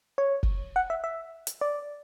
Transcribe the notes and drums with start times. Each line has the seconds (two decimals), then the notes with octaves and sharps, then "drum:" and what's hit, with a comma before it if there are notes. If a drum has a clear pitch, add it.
0.18 C#5
0.43 drum: kick
0.76 F#5
0.90 E5
1.04 E5
1.47 drum: hi-hat
1.61 D5